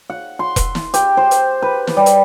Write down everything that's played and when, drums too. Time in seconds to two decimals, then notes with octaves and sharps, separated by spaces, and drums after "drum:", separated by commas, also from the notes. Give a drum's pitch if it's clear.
0.10 F#5
0.39 C6
0.56 drum: kick E1, hi-hat
0.75 drum: snare
0.94 G4, drum: hi-hat
1.17 C5
1.31 drum: hi-hat
1.62 B4
1.87 drum: snare
1.97 G3
2.06 drum: hi-hat